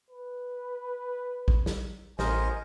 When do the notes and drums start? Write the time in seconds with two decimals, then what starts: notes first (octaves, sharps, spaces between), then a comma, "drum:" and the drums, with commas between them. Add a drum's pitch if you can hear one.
0.11 B4
1.48 drum: kick A1
1.66 drum: snare
2.19 A1 A#4 C5 D#5 G#5, drum: snare